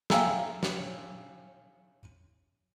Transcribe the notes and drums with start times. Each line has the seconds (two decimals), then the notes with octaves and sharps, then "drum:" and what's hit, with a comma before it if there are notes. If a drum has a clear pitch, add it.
0.10 E5 F5 G5 G#5 A#5 E6, drum: snare
0.63 drum: snare